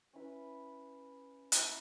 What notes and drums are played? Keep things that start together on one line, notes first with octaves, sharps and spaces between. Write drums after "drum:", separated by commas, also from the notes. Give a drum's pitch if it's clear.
C#4 E4 B4
E4 A#4 E5, drum: hi-hat